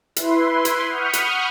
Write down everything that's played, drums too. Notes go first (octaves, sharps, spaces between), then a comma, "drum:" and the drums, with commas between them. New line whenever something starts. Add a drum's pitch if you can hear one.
E4 B4 C6, drum: hi-hat
drum: hi-hat
F#5 B5 C#6 D#6 F6 G6
drum: hi-hat